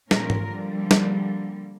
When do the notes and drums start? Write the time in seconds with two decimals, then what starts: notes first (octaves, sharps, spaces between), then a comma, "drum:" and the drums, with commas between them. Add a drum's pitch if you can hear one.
0.11 A#2 F3 G#3 C#4 F4 A#4, drum: snare
0.30 drum: tom G#2
0.47 D3 F3 G3 A#3
0.91 drum: snare